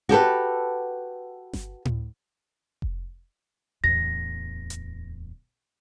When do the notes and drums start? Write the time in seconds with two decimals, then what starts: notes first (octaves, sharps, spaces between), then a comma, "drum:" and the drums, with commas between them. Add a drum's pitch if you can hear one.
0.09 F#4 G4 A4 B4
1.53 drum: snare G1
1.85 drum: tom A2
2.82 drum: kick F1
3.84 D1 E2 A#6
4.70 drum: hi-hat